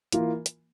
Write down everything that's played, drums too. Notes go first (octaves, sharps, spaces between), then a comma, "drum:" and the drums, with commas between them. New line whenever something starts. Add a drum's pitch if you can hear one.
E3 A#3 F4, drum: hi-hat
drum: hi-hat